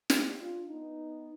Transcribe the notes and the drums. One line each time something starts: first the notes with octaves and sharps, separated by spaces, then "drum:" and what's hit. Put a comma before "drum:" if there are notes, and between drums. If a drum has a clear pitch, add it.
drum: snare
D4 F4
B3 D#4